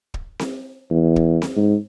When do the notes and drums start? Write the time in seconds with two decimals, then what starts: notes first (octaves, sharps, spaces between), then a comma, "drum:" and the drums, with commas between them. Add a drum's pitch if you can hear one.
0.14 drum: kick
0.39 drum: snare C4
0.91 E2
1.16 drum: kick
1.42 drum: snare C4
1.56 G#2